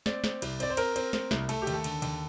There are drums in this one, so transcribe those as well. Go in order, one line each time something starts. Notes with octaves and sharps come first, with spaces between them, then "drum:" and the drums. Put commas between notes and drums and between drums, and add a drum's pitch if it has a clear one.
C4 D5, drum: snare
C4, drum: snare
C2, drum: cymbal
C4 D5, drum: cymbal
C5
C4 A#4, drum: cymbal
C4, drum: cymbal
C4, drum: snare
C2, drum: snare
A3 A4, drum: cymbal
G4
D#2, drum: cymbal
A4
D3, drum: cymbal
D#2, drum: cymbal